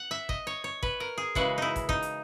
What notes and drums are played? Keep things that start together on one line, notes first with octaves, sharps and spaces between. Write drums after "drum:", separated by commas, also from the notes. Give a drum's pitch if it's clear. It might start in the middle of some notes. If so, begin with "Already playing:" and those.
Already playing: F#5
E5
D#5, drum: kick
C#5
C#5
B4, drum: kick
A#4
G#4
C#3 E3 G#3 F#4, drum: kick
D#4 E4
drum: kick, hi-hat
D#4, drum: kick
drum: hi-hat